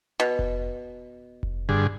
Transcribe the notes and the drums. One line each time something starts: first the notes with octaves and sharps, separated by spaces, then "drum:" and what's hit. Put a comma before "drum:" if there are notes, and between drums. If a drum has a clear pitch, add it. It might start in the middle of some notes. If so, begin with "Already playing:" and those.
B2
drum: kick F1
drum: kick F1
G2 D3 G#4